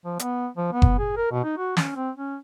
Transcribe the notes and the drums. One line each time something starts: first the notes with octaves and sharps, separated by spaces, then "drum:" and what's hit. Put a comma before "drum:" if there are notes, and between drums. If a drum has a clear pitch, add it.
F3
B3, drum: hi-hat
F3
B3
drum: kick F#1
G#4
A#4
B2
D#4
F#4
C#4, drum: snare
C4
C#4